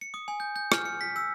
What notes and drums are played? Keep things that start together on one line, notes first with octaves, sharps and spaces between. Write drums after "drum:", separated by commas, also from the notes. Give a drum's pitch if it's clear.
C#7
D#6
G#5
G6
G6
F6, drum: rim click
C#7
B6
E6